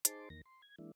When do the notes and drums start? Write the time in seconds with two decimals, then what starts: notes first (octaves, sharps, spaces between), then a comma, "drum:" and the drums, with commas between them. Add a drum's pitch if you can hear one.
0.05 D#4 G#4 C5 A5 C6 D6, drum: hi-hat
0.30 E2 D#3 A#3 A#6
0.45 C6
0.62 G#6
0.78 E3 G#3 A#3 D4 E4